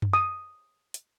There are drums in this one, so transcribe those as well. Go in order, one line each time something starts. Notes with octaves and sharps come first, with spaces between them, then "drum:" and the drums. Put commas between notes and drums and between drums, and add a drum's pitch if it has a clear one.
drum: tom F#2
D#6
drum: hi-hat